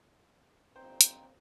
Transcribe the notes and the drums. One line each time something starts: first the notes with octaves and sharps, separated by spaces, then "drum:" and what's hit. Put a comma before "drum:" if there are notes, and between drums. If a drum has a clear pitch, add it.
G1 A#2 C4 D#4 C5 G5
drum: hi-hat